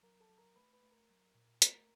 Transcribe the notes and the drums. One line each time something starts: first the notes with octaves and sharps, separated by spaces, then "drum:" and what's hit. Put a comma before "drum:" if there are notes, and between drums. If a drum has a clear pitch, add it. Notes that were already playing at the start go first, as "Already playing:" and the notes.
F#3 A#4 A#5
A4 A5
F#3
A#4 A#5
A3 B4 B5
B4 B5
A3
A#4 A#5
F#3
A#2
A3 A#4 A#5, drum: hi-hat